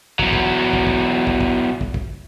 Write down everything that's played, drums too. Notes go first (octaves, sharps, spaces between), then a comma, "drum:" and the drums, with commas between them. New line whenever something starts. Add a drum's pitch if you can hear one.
E2 F#3, drum: kick
drum: kick
drum: kick
drum: kick
drum: kick
drum: kick
drum: kick
drum: kick